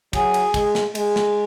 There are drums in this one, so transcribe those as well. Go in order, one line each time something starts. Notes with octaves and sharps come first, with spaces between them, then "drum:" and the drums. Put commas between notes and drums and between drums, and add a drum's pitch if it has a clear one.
F#3 G#4, drum: kick, cymbal
drum: cymbal
G#3, drum: kick, cymbal
drum: snare
G#3, drum: cymbal
drum: snare